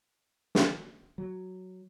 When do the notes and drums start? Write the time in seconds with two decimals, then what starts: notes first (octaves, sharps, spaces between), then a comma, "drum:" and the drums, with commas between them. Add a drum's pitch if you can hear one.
0.55 drum: snare
1.18 F#3